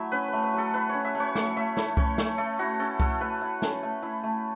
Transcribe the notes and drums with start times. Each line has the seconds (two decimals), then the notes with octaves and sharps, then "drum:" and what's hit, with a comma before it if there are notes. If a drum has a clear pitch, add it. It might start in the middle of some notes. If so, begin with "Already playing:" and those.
Already playing: F#3 A3 E4 E5
0.12 C#4 B4
0.28 A3 B4
0.43 B4
0.53 F#3 A4
0.74 E4 B4
0.89 C#4 C#5
1.05 E5
1.15 A3
1.20 C#5
1.35 A3 C#5, drum: snare
1.56 A3 E5
1.77 E4 C#5, drum: snare
1.97 C#4 C#5, drum: kick C2
2.18 A3 C#5, drum: snare
2.38 A3 A4
2.59 E4 F#4
2.80 C#4 A4
3.00 A3 A4, drum: kick C2
3.21 A3 B4
3.41 E4
3.62 C#4, drum: snare
3.83 A3
4.03 E4
4.23 A3